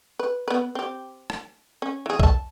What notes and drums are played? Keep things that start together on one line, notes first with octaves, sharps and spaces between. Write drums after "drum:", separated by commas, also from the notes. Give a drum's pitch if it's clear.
B4
B3 B4
C4 G4
drum: rim click
C#4
E3 G#4
E5 A5, drum: kick